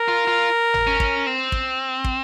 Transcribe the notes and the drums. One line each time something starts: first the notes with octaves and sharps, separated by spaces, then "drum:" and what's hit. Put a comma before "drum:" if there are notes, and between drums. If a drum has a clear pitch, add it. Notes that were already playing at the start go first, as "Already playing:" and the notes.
Already playing: A#4
F4
F4
drum: tom
C#4
drum: kick
C4
drum: kick
drum: kick